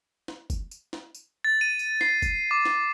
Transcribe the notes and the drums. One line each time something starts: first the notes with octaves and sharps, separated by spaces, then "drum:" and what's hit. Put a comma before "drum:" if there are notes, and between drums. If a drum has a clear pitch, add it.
drum: snare
drum: kick, tambourine
drum: tambourine
drum: snare
drum: tambourine
A6
D#7
drum: tambourine
C7, drum: snare
drum: kick, tambourine
D6
drum: snare